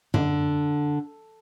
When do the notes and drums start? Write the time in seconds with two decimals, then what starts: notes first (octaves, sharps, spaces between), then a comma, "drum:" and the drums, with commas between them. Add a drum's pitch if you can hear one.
0.14 D3, drum: tom F#2